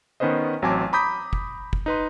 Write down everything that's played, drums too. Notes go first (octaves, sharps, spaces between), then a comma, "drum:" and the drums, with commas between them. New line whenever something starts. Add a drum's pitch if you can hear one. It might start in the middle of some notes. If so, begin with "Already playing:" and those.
D#3 B3 C#4 B4 C5 D#5
A1 F#3 C4 G#5 A5 D6
A#5 B5 D6 D#6 G6 B6
drum: kick
drum: kick
D#4 B4 C6